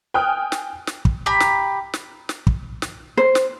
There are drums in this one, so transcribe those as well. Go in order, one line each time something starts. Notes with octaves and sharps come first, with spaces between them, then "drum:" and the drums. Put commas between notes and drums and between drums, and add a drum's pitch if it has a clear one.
G5 G#5 D#6 F6 F#6
drum: snare
drum: snare
drum: kick
G4 A#5 B5
drum: snare
drum: snare
drum: snare
drum: kick
drum: snare
C5
drum: snare